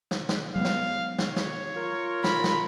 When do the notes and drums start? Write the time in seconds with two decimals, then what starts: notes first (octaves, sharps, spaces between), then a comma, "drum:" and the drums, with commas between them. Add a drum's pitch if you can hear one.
0.11 drum: snare
0.29 drum: snare
0.56 F#3 G#3 B3 F5
0.65 drum: snare
1.18 C#5, drum: snare
1.36 drum: snare
1.76 F4 A#4
2.24 B5, drum: snare
2.44 drum: snare